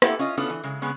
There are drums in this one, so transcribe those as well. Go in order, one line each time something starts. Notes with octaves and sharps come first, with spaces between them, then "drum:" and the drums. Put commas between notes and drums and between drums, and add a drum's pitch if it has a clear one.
A#3 E4 G4 A4 E5 F#5, drum: rim click
C#4 F4 D#5
B3 C#4 D4 F4 F#4 A4
E3
C#3 G#3
C#3 G#3 B3 C#4